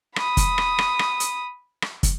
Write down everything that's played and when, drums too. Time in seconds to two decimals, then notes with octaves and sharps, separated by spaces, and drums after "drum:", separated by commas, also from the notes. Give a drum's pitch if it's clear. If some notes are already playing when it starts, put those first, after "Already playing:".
0.16 B5 D#6, drum: rim click
0.37 drum: kick, hi-hat
0.58 drum: rim click
0.78 drum: rim click
0.99 drum: rim click
1.20 drum: hi-hat
1.82 drum: rim click
2.03 drum: kick, hi-hat